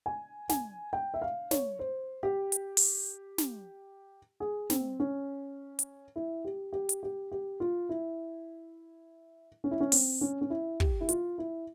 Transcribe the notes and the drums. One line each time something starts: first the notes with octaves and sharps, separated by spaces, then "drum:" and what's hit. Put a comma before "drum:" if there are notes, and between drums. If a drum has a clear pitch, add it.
G#5
G#5, drum: snare
G5
E5
F5
C#5, drum: snare
C5
G4
drum: hi-hat
drum: open hi-hat
drum: snare
G#4
C4, drum: snare
C#4
drum: hi-hat
E4
G4
G4
drum: hi-hat
G4
G4
F4
E4
C#4
E4
C#4
C4, drum: open hi-hat
C#4
C#4
E4
G4, drum: kick
E4
F4, drum: hi-hat
E4